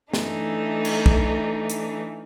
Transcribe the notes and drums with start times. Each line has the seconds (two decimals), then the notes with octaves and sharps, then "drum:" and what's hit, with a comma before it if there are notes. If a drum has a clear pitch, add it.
0.13 E3 A3 D4 D#4, drum: snare
0.85 drum: cymbal
1.06 drum: kick
1.70 drum: hi-hat